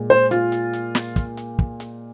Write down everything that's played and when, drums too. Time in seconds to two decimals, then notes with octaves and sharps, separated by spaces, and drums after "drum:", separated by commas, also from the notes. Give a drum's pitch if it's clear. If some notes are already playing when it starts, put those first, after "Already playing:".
Already playing: A#2 G#3
0.10 C5
0.31 F4, drum: hi-hat
0.52 drum: hi-hat
0.73 drum: hi-hat
0.95 drum: snare
1.16 drum: kick, hi-hat
1.37 drum: hi-hat
1.59 drum: kick
1.80 drum: hi-hat